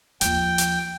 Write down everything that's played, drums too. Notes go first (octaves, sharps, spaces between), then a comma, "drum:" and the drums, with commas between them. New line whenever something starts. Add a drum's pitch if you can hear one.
D#2 F3 G5, drum: hi-hat
drum: hi-hat